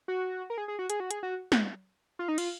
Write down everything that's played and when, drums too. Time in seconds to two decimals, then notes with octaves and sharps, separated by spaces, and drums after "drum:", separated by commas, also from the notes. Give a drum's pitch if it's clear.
0.08 F#4
0.50 A#4
0.58 G#4
0.68 G#4
0.79 F#4
0.90 G#4, drum: hi-hat
1.00 F#4
1.11 G#4, drum: hi-hat
1.23 F#4
1.52 drum: snare
2.19 F4
2.28 D#4
2.38 F4, drum: cymbal